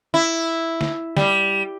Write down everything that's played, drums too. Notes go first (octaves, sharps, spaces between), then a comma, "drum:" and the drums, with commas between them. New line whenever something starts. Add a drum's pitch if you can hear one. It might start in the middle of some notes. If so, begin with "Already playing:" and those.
E4
drum: snare
G3, drum: snare